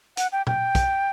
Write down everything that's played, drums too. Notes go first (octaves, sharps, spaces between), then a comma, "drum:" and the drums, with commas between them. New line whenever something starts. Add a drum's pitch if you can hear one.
F#5, drum: hi-hat
G5
G5, drum: tom
drum: kick, hi-hat